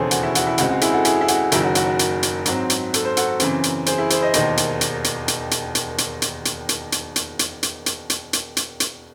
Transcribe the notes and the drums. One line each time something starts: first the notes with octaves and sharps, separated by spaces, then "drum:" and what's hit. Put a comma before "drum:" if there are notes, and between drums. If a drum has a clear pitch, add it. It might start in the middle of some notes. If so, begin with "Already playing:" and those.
Already playing: E1 D#2 C#3 E3 G#4 A4 C5 C#5
F#4, drum: hi-hat
E4
F#4, drum: hi-hat
E4
C#2 C#3 G#3 C4 F#4, drum: hi-hat
F#4
E4 G#4, drum: hi-hat
F#4 A4
E4 G#4, drum: hi-hat
E4
F#4, drum: hi-hat
F#1 F#2 D#3 F#3 E4 G#4, drum: hi-hat
F#4
F#4, drum: hi-hat
F#4
drum: hi-hat
drum: hi-hat
G#2 F#3 C4, drum: hi-hat
drum: hi-hat
A4, drum: hi-hat
C5
F#4 A4, drum: hi-hat
F#2 C#3 E3 C4, drum: hi-hat
drum: hi-hat
G#4 C5, drum: hi-hat
E4 G#4
G#4 C5, drum: hi-hat
C5 D#5
E1 D#2 D#3 C5 D#5, drum: hi-hat
drum: hi-hat
drum: hi-hat
drum: hi-hat
drum: hi-hat
drum: hi-hat
drum: hi-hat
drum: hi-hat
drum: hi-hat
drum: hi-hat
drum: hi-hat
drum: hi-hat
drum: hi-hat
drum: hi-hat
drum: hi-hat
drum: hi-hat
drum: hi-hat
drum: hi-hat
drum: hi-hat
drum: hi-hat